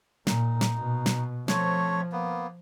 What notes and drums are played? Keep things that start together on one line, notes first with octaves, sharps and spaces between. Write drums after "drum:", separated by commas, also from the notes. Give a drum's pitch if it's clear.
A#2 D#4, drum: snare
drum: snare
B2
drum: snare
F3 A3 C4 C#5, drum: snare
A#3 B3